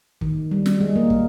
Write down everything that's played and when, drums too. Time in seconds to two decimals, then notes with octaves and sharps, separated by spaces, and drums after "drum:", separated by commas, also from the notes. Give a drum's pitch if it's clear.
0.21 D#3, drum: kick
0.51 G3
0.66 drum: snare
0.80 G#3
0.96 A#3
1.10 drum: kick